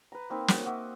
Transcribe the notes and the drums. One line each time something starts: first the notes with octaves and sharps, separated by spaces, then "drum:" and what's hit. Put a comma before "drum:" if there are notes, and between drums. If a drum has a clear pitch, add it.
B4 A#5
A#3 C4 D#4 B4
A#3 F#4 D#6, drum: snare
F#4 D#5 E5 D6